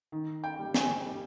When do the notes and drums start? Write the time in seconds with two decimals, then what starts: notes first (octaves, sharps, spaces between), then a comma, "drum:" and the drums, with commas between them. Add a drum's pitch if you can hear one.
0.12 D#3
0.44 G5
0.59 G3
0.74 G#5, drum: snare
1.06 G3